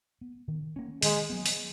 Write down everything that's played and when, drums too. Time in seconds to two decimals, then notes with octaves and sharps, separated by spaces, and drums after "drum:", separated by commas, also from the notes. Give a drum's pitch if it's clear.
0.21 B3
0.48 D#3
0.76 A#3 C#4
1.02 D#3 G#3, drum: open hi-hat
1.30 F#3 B3
1.46 drum: open hi-hat